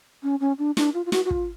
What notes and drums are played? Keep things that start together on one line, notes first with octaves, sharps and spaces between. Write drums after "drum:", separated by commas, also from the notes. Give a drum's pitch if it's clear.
C#4
C#4
D4
D4, drum: snare
F4
F4
F#4, drum: snare
F#4
F4, drum: kick